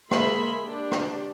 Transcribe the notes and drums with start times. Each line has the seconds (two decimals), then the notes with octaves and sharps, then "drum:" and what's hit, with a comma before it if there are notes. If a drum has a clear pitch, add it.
0.11 G#3 A#3 G#4 E5 B5 C6, drum: rim click
0.64 D4 G4
0.91 drum: rim click